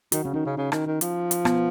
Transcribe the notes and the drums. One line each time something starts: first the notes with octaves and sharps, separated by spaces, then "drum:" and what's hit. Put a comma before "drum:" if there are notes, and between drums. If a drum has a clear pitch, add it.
D#3 F#4, drum: hi-hat
C#3 C#4
D#3 D#4
C#3
C#3
D#3, drum: rim click
D#3
F3, drum: hi-hat
drum: hi-hat
B3, drum: rim click